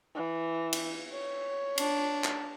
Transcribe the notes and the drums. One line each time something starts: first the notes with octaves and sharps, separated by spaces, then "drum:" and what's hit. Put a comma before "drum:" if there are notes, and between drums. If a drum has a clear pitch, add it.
E3
drum: cymbal
C#5
D4, drum: cymbal
drum: clap